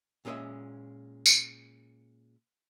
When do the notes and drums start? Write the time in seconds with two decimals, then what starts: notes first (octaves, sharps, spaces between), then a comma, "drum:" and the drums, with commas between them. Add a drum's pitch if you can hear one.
0.25 A#2 G#3 C#4 B4 D#5 E5
1.26 drum: tambourine